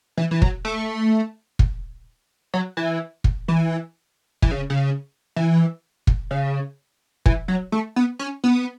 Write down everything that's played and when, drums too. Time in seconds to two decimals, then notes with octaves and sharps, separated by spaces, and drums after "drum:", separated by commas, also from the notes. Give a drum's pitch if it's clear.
0.17 E3
0.31 E3
0.42 F#3, drum: kick
0.65 A3
1.59 drum: kick
2.54 F#3
2.77 E3
3.24 drum: kick
3.48 E3
4.42 E3, drum: kick
4.51 C#3
4.70 C#3
5.36 E3
6.07 drum: kick
6.31 C#3
7.26 E3, drum: kick
7.48 F#3
7.72 A3
7.96 B3
8.19 C#4
8.44 B3